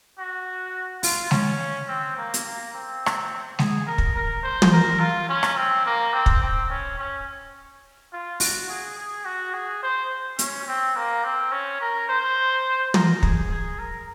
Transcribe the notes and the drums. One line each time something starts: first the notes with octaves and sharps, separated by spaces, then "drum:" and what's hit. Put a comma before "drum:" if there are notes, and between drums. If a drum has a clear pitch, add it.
F#4
F4, drum: open hi-hat
C#4, drum: snare G#3
C4
A#3
drum: hi-hat
A#3
C4
drum: rim click
G#4, drum: snare G#3
A#4
drum: kick
A#4
C5
drum: tom
A#4
F4
C#4
drum: rim click
C4
A#3
C4
drum: kick
C4
C#4
C#4
F4
F#4, drum: open hi-hat
G#4
G#4
F#4
G#4
C5
C#4, drum: hi-hat
C4
A#3
C4
C#4
A#4
C5
A#4, drum: tom
G#4, drum: kick
G#4
A#4